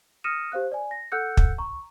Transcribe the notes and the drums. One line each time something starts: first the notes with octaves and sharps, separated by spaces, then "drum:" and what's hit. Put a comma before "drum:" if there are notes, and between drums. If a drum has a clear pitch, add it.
D#6 F6 A#6 C#7 D#7 E7
G4 C5 F5 F#6
D5 G#5
A#6
A4 F#5 E6 F#6 G6 C#7
drum: kick
A#5 C#6